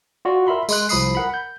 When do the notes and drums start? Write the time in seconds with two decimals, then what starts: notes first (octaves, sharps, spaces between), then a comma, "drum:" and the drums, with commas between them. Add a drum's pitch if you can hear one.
0.25 F4 F#4 D5
0.47 A#4 E5 B5 C6
0.69 G#3 C6 F#6, drum: tambourine
0.89 C2 F3 B5 D#6 C7, drum: tambourine
1.15 A#4 F#5 B5
1.34 G6